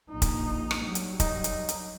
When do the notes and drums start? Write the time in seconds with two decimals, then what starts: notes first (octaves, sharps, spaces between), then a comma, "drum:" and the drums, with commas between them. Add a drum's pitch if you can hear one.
0.10 A#1 D#4
0.22 drum: kick, hi-hat
0.71 drum: rim click
0.86 F#3 G3
0.95 drum: hi-hat
1.20 D#4, drum: kick, hi-hat
1.44 drum: hi-hat
1.69 drum: hi-hat